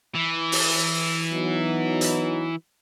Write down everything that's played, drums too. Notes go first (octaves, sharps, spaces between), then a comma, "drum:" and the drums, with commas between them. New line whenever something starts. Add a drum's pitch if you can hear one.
E3
drum: open hi-hat
F#3 B3 D#4
drum: hi-hat